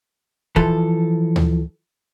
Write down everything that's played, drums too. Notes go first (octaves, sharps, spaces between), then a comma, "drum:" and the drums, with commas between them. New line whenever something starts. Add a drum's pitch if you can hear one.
E3 F3 A4, drum: kick
drum: tom D2